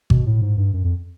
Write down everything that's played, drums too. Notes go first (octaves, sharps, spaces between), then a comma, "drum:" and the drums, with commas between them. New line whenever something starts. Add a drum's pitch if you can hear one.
B2, drum: kick G#1
A2
G#2
G2
F#2
F2